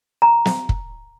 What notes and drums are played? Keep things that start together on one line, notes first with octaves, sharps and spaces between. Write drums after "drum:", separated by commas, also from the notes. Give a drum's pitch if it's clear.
A#5
drum: snare
drum: kick